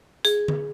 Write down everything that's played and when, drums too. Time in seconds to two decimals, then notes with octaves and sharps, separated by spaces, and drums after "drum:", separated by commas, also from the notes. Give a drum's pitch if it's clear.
0.25 G#4, drum: hi-hat
0.48 drum: tom D3